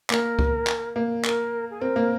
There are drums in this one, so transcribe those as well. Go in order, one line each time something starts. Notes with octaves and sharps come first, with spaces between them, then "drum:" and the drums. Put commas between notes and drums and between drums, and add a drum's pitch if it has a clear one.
A#3 A#4, drum: clap
drum: kick C#2
drum: clap
A#3
A#4, drum: clap
G#4
C4 A#4
A#3